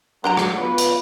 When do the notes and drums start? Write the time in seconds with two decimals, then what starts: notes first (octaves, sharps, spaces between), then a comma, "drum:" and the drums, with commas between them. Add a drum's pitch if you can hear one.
0.24 F#3 D4 G5 A#5
0.37 drum: rim click
0.58 B3 F4 B4
0.78 drum: hi-hat